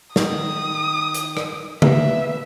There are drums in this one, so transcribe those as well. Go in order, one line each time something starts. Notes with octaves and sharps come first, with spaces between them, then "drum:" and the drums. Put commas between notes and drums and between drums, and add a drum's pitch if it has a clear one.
D#3 D#6, drum: snare
drum: hi-hat
drum: rim click
A#3 B3 E5, drum: tom C#3